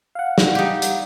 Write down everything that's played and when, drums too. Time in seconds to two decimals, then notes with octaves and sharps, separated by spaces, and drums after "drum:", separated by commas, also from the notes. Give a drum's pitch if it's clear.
0.15 F5 F#5
0.38 drum: snare
0.55 G3 D#4 G4
0.82 drum: hi-hat